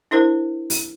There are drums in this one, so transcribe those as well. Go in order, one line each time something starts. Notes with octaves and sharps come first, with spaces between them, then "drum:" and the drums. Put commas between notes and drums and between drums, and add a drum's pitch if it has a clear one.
D4 E4 A#4 C5
drum: open hi-hat